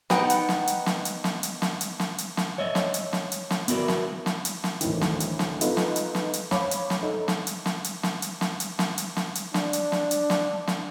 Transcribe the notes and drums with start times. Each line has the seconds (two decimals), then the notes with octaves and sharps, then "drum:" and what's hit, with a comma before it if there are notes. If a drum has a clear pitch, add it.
0.10 B3 D#4 F#5 G5, drum: snare
0.30 drum: hi-hat
0.49 drum: snare
0.67 drum: hi-hat
0.86 drum: snare
1.05 drum: hi-hat
1.24 drum: snare
1.43 drum: hi-hat
1.62 drum: snare
1.81 drum: hi-hat
2.00 drum: snare
2.18 drum: hi-hat
2.37 drum: snare
2.58 C#5 D#5 E5
2.75 drum: snare
2.94 drum: hi-hat
3.13 drum: snare
3.32 drum: hi-hat
3.50 drum: snare
3.68 B3 E4 F#4 A#4 D5, drum: hi-hat
3.88 drum: snare
4.26 drum: snare
4.45 drum: hi-hat
4.64 drum: snare
4.81 D2 A2 D#3 E3, drum: hi-hat
5.01 drum: snare
5.20 drum: hi-hat
5.39 drum: snare
5.61 B3 D#4 F4 A4 B4, drum: hi-hat
5.77 drum: snare
5.96 drum: hi-hat
6.15 drum: snare
6.34 drum: hi-hat
6.51 C#5 F5 B5 D6, drum: snare
6.71 drum: hi-hat
6.90 drum: snare
7.02 D#4 A4
7.28 drum: snare
7.47 drum: hi-hat
7.66 drum: snare
7.84 drum: hi-hat
8.03 drum: snare
8.22 drum: hi-hat
8.41 drum: snare
8.60 drum: hi-hat
8.79 drum: snare
8.98 drum: hi-hat
9.17 drum: snare
9.35 drum: hi-hat
9.54 D4, drum: snare
9.73 drum: hi-hat
9.92 drum: snare
10.11 drum: hi-hat
10.30 drum: snare
10.67 drum: snare